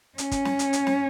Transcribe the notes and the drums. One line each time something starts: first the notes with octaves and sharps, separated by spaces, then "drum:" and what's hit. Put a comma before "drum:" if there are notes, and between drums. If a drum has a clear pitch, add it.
C#4, drum: hi-hat
drum: kick, hi-hat
drum: snare
drum: hi-hat
drum: hi-hat
drum: snare